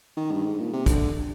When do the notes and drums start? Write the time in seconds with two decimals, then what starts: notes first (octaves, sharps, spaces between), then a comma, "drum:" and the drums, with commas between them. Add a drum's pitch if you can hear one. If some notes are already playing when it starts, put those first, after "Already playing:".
0.17 D#3
0.32 G2
0.46 G#2
0.60 A#2
0.73 C3
0.86 D3, drum: kick, hi-hat